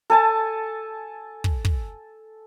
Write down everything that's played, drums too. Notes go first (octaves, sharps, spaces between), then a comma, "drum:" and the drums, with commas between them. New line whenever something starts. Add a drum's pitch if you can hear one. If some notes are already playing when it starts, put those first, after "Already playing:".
A4 G#5 A5
drum: kick
drum: kick